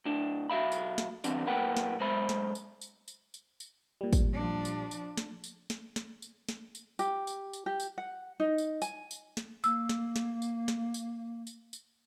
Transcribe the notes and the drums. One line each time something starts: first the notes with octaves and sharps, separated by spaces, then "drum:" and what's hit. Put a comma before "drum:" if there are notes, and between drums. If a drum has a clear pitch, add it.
A2 D4
B1 F#4 E5 F5 B5
drum: tambourine
drum: snare
E3 B3 C4 D4, drum: tambourine
B1 A2 A#3 B4 F#5 G5
drum: snare
B1 G#3 C5 B5
drum: snare
drum: tambourine
drum: tambourine
drum: tambourine
drum: tambourine
drum: tambourine
A#2 G3
drum: kick, tambourine
F3 D4
drum: tambourine
drum: tambourine
drum: snare
drum: tambourine
drum: snare
drum: snare
drum: tambourine
drum: snare
drum: tambourine
G4, drum: tambourine
drum: tambourine
drum: tambourine
G4
drum: tambourine
F#5
D#4
drum: tambourine
G#5, drum: tambourine
drum: tambourine
drum: snare
A#3 E6, drum: tambourine
drum: snare
drum: snare
drum: tambourine
drum: snare
drum: tambourine
drum: tambourine
drum: tambourine